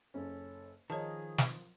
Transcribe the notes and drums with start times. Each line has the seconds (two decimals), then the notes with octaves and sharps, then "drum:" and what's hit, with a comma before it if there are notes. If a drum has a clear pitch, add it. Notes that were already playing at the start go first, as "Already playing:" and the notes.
0.14 F#1 C#4 A4
0.90 D#3 F3 G#4 A#4 C#5 D#5 A5
1.38 drum: snare